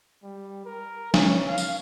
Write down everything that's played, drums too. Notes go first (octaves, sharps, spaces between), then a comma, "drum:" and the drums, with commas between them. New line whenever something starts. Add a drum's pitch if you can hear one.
G3
A#4
C#4, drum: snare
F5
drum: tambourine